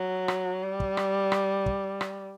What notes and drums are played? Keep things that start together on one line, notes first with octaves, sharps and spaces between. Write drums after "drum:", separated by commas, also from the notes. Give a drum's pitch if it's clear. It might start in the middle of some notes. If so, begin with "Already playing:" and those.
Already playing: F#3
drum: rim click
G3
drum: kick
drum: rim click
drum: rim click
drum: kick
drum: rim click